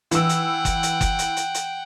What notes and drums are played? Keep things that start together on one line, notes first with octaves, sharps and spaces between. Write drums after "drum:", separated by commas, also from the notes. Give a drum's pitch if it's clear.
E3 F#5 G5 E6, drum: hi-hat
drum: hi-hat
drum: kick F#1, hi-hat
drum: hi-hat
drum: kick F#1, hi-hat
drum: hi-hat
drum: hi-hat
drum: hi-hat